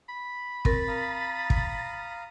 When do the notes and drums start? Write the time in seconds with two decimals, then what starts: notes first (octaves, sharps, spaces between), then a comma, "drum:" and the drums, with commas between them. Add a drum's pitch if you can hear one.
0.09 B5
0.65 C4 A#4 A6, drum: kick
0.88 F5 A#5 D#6
1.50 drum: kick